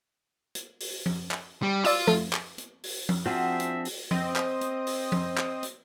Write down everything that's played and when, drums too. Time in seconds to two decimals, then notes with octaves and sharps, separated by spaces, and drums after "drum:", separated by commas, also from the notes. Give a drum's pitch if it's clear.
0.55 drum: hi-hat
0.80 drum: open hi-hat
1.06 drum: tom F3
1.31 drum: clap
1.62 G3
1.84 F4 D5 E6, drum: open hi-hat
2.07 A3, drum: tom F3
2.33 drum: clap
2.58 drum: hi-hat
2.83 drum: open hi-hat
3.09 drum: tom F3
3.26 F3 C4 D4 F#4 G#4 E5
3.60 drum: hi-hat
3.85 drum: open hi-hat
4.11 C4 D#5, drum: tom F3
4.36 drum: clap
4.61 drum: hi-hat
4.87 drum: open hi-hat
5.12 drum: tom F3
5.37 drum: clap
5.63 drum: hi-hat